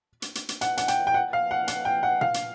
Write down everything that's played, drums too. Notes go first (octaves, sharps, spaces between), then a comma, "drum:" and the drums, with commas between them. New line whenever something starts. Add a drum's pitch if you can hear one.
drum: hi-hat
drum: hi-hat
drum: hi-hat
F#5, drum: hi-hat
F#5, drum: hi-hat
G5, drum: hi-hat
G5
F#5
F5
F#5
F#5, drum: hi-hat
G5
F#5
F5, drum: tom A#2
drum: hi-hat